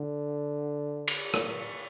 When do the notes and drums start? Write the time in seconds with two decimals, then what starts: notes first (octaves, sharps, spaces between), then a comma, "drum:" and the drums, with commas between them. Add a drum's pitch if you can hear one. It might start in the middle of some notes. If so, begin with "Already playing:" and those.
Already playing: D3
1.08 drum: cymbal
1.34 drum: rim click